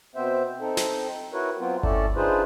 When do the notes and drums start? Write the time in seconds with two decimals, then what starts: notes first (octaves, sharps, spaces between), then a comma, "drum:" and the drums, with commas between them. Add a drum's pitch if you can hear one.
0.15 B2 B3 C4 C5 E5
0.61 C4 D#4 A4
0.77 drum: snare
1.33 E4 F#4 A#4 B4 C#5
1.59 F#3 B3 C4 F4
1.83 A3 C#4 E4 A4 D5 A5, drum: kick G1
2.16 D4 D#4 F4 G#4 B4 C5